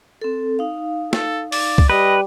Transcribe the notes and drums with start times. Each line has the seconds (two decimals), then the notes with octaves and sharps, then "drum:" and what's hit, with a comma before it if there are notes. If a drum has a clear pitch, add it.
0.22 C4 A4
0.59 D#4 F5
1.13 A4, drum: snare
1.52 D5, drum: open hi-hat
1.78 drum: kick C2
1.90 G3 B4 D#5 G5